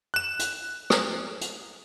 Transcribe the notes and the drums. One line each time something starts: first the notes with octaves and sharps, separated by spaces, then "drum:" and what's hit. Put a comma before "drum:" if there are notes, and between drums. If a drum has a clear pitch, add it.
F#6 E7
drum: hi-hat
drum: rim click
drum: hi-hat